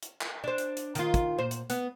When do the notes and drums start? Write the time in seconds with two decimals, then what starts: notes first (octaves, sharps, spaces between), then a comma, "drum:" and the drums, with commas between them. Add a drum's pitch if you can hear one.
0.03 drum: hi-hat
0.21 drum: clap
0.44 D4 C5
0.58 drum: hi-hat
0.77 drum: hi-hat
0.95 D#3 F4, drum: hi-hat
1.14 drum: kick, hi-hat
1.38 A#2 C5
1.51 drum: hi-hat
1.70 B3, drum: hi-hat